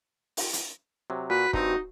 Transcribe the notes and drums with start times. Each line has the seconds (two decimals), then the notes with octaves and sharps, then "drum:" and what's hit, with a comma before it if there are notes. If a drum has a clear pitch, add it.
0.37 drum: open hi-hat
0.53 drum: hi-hat
1.10 C3 F#3
1.30 A#2 F#4 B4
1.53 G2 C4 D#4, drum: kick